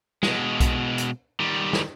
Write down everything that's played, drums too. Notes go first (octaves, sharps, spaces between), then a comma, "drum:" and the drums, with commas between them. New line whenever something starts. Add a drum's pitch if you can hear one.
B2 G#3, drum: snare
drum: kick B1, hi-hat
drum: hi-hat
D#3 G3
drum: snare